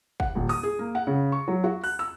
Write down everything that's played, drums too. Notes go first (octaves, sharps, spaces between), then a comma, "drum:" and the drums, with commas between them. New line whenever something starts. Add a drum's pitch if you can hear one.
F#5, drum: kick
D#1
D#6, drum: open hi-hat
G#4
A#3
F#5
C#3
C#6
F#3
F#4
F#6, drum: open hi-hat
E6